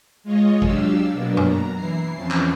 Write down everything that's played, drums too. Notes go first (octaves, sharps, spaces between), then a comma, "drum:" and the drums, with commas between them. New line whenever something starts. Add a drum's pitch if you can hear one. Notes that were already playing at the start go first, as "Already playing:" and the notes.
G#3 F4 C#5 D#5
F#3 D4 G4 F5 E6, drum: kick G#1
B2 F#3 A#3 B3 D4
drum: tom F#2
A#5
E3 E4 C7
E2 E3 F3 C4 C#4 A5
drum: clap